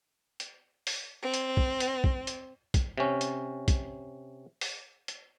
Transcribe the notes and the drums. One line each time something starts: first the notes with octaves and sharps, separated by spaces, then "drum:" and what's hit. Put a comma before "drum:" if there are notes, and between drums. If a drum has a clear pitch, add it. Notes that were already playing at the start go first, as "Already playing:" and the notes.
drum: hi-hat
drum: open hi-hat
C4
drum: hi-hat
drum: kick
drum: hi-hat
drum: kick
drum: hi-hat
drum: kick, hi-hat
C3 C#4
drum: hi-hat
drum: kick, hi-hat
drum: open hi-hat
drum: hi-hat